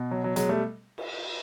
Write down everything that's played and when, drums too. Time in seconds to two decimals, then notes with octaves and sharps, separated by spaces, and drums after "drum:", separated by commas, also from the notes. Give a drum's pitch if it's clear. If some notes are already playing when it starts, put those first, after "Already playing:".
Already playing: B2
0.11 F#3
0.24 F#3
0.36 F#3 G#3, drum: hi-hat
0.49 G3 A3
0.98 drum: cymbal